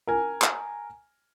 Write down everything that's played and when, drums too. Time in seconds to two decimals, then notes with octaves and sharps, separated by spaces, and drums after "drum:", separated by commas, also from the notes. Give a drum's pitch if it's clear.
0.07 A#4 G#5
0.42 drum: clap